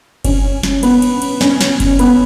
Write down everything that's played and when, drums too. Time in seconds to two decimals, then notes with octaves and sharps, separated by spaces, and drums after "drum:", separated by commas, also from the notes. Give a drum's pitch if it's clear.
0.25 C#4, drum: kick F#1, cymbal
0.63 drum: snare
0.83 B3, drum: cymbal
1.02 drum: cymbal
1.22 drum: cymbal
1.41 C#4, drum: snare
1.61 drum: snare
1.80 drum: kick F#1, cymbal
1.99 B3, drum: cymbal